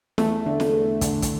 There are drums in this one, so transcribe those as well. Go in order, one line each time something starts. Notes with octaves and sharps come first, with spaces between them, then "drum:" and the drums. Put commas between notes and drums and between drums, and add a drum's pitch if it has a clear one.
E2 A3, drum: snare
D3
drum: snare
E2
D3, drum: kick, hi-hat
drum: kick, hi-hat